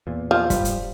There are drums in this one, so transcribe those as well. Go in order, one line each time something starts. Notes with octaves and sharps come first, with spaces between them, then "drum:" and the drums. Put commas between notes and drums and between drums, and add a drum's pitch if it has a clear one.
E2 A#2
F3
G2 G3, drum: kick, hi-hat
drum: hi-hat